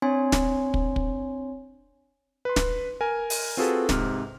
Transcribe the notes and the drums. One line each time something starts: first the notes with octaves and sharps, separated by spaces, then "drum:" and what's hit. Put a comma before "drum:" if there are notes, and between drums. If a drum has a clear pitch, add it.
C4 D4 C#5 G#5 C6
drum: snare
drum: kick
drum: kick
B4 C6
drum: snare
A#4 G#5
drum: open hi-hat
C4 F4 F#4 G#4 A4 B4
G#2 C3 F6, drum: snare